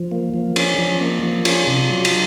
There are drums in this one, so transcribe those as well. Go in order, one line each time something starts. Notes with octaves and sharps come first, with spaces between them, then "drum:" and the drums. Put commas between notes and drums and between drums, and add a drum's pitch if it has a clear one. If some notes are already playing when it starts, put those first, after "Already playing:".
Already playing: F3
A#3
F3
C#4, drum: cymbal
F3
A#3
F3
C#4 F4, drum: cymbal
C3
F#3
drum: cymbal